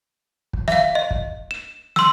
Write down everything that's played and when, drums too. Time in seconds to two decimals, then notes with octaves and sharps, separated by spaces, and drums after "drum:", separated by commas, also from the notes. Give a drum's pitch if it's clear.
0.53 drum: kick
0.68 E5 F5, drum: snare
0.95 D#5
1.11 drum: kick
1.51 E7
1.96 C6 E6, drum: snare